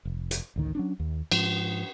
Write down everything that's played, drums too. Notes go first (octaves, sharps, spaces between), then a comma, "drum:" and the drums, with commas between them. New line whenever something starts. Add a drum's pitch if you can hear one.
F1
drum: hi-hat
A1 D2 D#3
F#3 C#4 D4
D#2
G#2 F3, drum: cymbal